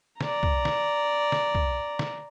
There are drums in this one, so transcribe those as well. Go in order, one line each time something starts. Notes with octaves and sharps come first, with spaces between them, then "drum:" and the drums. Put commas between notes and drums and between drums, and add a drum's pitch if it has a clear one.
D5 A#5, drum: snare
drum: kick
drum: snare
drum: snare
drum: kick
drum: snare